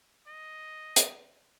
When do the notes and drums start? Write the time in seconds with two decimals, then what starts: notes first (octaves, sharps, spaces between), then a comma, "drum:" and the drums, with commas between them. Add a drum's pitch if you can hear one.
0.27 D#5
0.96 drum: hi-hat